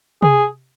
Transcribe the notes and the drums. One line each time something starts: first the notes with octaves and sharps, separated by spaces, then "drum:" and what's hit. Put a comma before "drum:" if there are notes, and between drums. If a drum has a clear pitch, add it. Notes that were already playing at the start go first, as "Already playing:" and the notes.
G#4, drum: tom C3